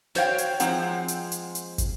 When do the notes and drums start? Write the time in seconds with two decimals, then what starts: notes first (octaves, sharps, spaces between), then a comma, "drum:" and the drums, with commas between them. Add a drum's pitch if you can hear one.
0.15 F#4 C5 C#5 F5 G5, drum: snare
0.38 drum: hi-hat
0.60 F3 G#3 C4 F#5 A#5, drum: hi-hat
1.08 drum: hi-hat
1.32 drum: hi-hat
1.55 drum: hi-hat
1.78 drum: kick, hi-hat